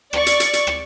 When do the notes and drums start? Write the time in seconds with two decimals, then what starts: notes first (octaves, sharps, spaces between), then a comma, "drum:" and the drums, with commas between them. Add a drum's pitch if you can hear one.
0.13 D5 C#6, drum: rim click
0.26 drum: hi-hat
0.40 drum: hi-hat
0.53 drum: hi-hat
0.67 drum: rim click